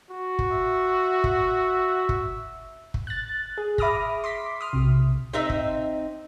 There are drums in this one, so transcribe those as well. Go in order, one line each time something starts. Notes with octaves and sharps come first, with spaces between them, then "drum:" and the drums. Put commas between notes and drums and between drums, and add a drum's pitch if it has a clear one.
F#4
drum: kick
E5
drum: kick
drum: kick
drum: kick
F#6 A6
G#4
E5 B5 D6 D#6 F6 A#6, drum: kick
C6 D6 B6
D#6 F6
B1 C3
C4 D#4 E5
drum: kick